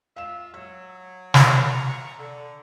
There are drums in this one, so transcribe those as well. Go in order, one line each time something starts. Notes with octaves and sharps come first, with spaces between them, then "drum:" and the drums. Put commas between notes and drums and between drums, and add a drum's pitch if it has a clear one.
F4 E5 F5 E7
F#3 E6
A#5 C#6, drum: snare
D3